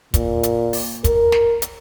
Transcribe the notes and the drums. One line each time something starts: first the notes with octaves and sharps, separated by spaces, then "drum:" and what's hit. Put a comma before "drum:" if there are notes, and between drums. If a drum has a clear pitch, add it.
A#2, drum: kick, hi-hat
drum: hi-hat
drum: open hi-hat
A#4, drum: kick, hi-hat
drum: snare
drum: hi-hat